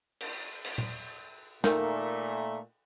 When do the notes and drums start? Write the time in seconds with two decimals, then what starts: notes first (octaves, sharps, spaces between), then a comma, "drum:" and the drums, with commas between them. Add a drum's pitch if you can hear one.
0.21 drum: cymbal
0.65 drum: cymbal
0.78 drum: tom A#2
1.64 A#2 D#3 A3, drum: snare